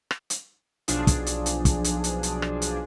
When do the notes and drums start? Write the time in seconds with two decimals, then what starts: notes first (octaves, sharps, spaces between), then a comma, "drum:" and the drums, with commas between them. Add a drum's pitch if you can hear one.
0.11 drum: rim click
0.30 drum: hi-hat
0.88 B1 F3 D4 G#4, drum: hi-hat
1.07 drum: kick, hi-hat
1.26 drum: hi-hat
1.46 drum: hi-hat
1.65 drum: kick, hi-hat
1.84 drum: hi-hat
2.04 drum: hi-hat
2.23 drum: hi-hat
2.42 drum: rim click
2.62 drum: hi-hat